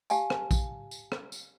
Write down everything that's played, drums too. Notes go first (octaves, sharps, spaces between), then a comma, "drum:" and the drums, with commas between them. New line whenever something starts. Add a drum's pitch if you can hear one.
G4 F5 G#5 A5, drum: tambourine
drum: rim click
drum: kick A#1, tambourine
drum: tambourine
drum: rim click
drum: tambourine